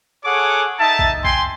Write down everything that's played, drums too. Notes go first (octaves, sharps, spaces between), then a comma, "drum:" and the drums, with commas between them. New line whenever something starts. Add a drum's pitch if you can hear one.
G#4 A4 C#5 F#5 D6
D#4 E5 A5
drum: kick
G5 G#5 C6, drum: kick